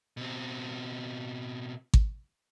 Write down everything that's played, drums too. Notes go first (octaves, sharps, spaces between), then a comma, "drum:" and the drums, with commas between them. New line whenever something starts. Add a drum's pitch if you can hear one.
B2 C4
drum: kick G#1